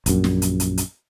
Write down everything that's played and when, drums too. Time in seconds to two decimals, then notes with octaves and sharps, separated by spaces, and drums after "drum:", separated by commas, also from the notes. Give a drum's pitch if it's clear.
0.06 A#1 F#2, drum: kick, hi-hat
0.24 drum: snare
0.42 drum: hi-hat
0.60 drum: hi-hat
0.78 drum: hi-hat